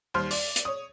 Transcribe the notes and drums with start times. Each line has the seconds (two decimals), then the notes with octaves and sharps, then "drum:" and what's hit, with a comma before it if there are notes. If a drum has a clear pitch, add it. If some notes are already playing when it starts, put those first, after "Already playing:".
0.14 D#2 G3 C5 C6 F6
0.31 D5, drum: open hi-hat
0.56 drum: hi-hat
0.65 C#5 D#6